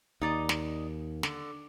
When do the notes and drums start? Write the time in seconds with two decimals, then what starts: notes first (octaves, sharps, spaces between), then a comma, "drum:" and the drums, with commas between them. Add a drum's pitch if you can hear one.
0.22 D#2 D#4 D5 D#5
0.49 drum: snare
1.23 D3, drum: snare